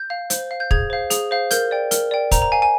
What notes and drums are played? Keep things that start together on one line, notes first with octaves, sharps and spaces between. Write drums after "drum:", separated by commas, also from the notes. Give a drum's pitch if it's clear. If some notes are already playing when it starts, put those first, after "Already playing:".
Already playing: G6
F5
C5, drum: hi-hat
F5
G6
G#4 G#6, drum: kick
C5 F5
G#4, drum: hi-hat
C5 F5
A#4 G6, drum: hi-hat
D5 G5
A#4, drum: hi-hat
D5 G5
C5 A#5, drum: kick, hi-hat
A#5
F5 G#5
G#5